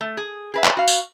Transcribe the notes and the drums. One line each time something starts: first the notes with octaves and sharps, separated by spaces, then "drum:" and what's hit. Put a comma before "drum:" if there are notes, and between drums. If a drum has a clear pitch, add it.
A3
G#4
G#4 B4 E5
drum: clap
F#4 F5
drum: tambourine